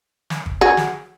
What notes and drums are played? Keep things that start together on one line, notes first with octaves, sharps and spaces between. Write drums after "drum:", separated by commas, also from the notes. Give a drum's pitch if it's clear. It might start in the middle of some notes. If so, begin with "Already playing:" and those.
drum: snare
drum: kick
F#4 G#4
drum: snare